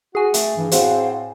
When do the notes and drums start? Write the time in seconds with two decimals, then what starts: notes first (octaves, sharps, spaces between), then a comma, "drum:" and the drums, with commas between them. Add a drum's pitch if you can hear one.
0.15 F#4 G#4 G#5
0.34 A3, drum: hi-hat
0.57 G2 E3
0.71 A2 C4 F#4 C5 F5, drum: hi-hat